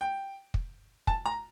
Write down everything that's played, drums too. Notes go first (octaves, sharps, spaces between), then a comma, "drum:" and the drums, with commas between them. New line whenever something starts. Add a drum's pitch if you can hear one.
G5
drum: kick
A5, drum: kick
A#5